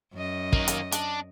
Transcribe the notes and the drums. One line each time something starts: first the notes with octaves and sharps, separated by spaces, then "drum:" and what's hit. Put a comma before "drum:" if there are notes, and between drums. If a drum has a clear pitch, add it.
F#2 D#5
D#3 A#3, drum: kick
drum: hi-hat
D4, drum: hi-hat